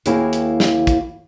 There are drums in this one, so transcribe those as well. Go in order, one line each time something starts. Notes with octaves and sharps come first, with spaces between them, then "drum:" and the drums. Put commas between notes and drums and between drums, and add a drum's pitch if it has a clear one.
D#2 A#3 E4 F#4 G#4 G5, drum: hi-hat
drum: hi-hat
drum: snare
drum: kick, hi-hat